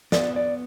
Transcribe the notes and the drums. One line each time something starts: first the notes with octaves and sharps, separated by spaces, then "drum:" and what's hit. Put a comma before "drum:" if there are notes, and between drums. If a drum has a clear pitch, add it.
B3 D5, drum: snare
D5